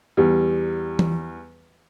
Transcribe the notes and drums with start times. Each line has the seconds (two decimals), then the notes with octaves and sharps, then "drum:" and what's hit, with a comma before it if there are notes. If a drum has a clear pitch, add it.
0.17 E2 G3
0.99 drum: tom E3